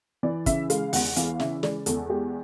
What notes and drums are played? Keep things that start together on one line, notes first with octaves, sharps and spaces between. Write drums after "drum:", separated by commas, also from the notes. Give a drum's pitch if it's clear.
E3 D5
C#3 E5, drum: kick, hi-hat
G#3 F5, drum: hi-hat
E2 F#5, drum: open hi-hat
E3 F5, drum: hi-hat
C#3 E5, drum: snare
G#3 D5, drum: snare
E2 A4, drum: hi-hat
G#3 G4